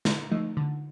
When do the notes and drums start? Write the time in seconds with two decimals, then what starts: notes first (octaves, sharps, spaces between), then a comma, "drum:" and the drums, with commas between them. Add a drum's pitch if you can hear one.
0.05 D3, drum: snare
0.32 F3 A3 D#4
0.57 D3